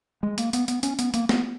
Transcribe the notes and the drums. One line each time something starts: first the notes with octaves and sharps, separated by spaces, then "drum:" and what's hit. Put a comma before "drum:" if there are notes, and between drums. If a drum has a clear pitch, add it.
G#3
A#3, drum: hi-hat
B3, drum: hi-hat
B3, drum: hi-hat
C#4, drum: hi-hat
B3, drum: hi-hat
A#3, drum: hi-hat
B3, drum: snare